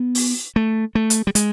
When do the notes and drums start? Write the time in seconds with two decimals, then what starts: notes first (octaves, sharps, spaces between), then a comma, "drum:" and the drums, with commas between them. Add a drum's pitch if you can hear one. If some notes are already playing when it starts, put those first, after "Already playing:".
Already playing: B3
0.15 drum: open hi-hat
0.56 A3
0.95 A3
1.10 drum: hi-hat
1.27 G3
1.35 G#3, drum: hi-hat